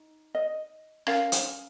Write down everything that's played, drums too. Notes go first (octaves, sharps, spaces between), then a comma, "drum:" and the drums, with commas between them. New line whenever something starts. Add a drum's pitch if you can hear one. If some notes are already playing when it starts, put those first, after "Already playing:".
Already playing: D#4
D#5
C#4 A#4 F5, drum: rim click
drum: hi-hat